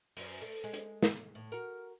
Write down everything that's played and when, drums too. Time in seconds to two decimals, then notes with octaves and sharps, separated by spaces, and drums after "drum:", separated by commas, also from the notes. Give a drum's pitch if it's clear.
0.17 F#2, drum: open hi-hat
0.42 A3
0.64 G#3
0.73 drum: hi-hat
1.02 drum: snare
1.35 A2
1.52 F#4 A#4